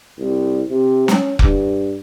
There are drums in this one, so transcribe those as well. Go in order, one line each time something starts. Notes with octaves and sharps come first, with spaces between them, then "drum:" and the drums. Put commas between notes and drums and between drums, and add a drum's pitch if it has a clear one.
C2
C3
C#4, drum: snare
G2, drum: kick F1